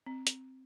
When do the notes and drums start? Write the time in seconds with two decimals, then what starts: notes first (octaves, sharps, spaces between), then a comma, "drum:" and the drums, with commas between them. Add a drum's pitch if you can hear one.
0.06 C4
0.27 drum: hi-hat